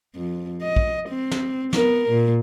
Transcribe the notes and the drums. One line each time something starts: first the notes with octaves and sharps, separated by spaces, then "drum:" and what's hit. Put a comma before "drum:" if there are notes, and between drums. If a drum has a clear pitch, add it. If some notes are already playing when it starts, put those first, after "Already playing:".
F2
D#5
drum: kick
C4
drum: snare
B3 A#4, drum: snare
A#2